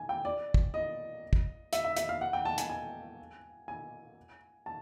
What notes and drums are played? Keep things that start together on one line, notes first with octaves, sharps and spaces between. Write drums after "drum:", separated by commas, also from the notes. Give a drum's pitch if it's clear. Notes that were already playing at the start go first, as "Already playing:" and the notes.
Already playing: G#5
G5
D5
drum: kick
D#5
drum: kick
E5, drum: hi-hat
E5
E5, drum: hi-hat
F5
F#5
G5
A5
G#5, drum: hi-hat
G#5
G#5
A5